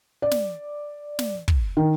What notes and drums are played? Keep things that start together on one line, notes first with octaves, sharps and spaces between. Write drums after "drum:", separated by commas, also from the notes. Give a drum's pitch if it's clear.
D5
drum: snare
drum: snare
drum: kick
D#3